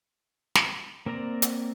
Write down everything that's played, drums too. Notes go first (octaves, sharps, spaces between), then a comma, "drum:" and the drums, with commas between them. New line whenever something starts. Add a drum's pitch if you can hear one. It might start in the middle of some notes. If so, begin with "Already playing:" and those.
drum: snare
A#3 C4 A#4 D5 A#5
drum: hi-hat